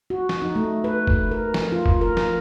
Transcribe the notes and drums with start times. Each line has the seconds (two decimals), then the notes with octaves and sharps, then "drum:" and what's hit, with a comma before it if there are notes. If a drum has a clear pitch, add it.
0.10 F#4
0.29 drum: snare
0.42 D#4
0.56 A3
0.84 B4
1.07 drum: kick
1.31 A#4
1.54 drum: snare
1.72 F4
1.86 drum: kick
2.01 A#4
2.17 drum: snare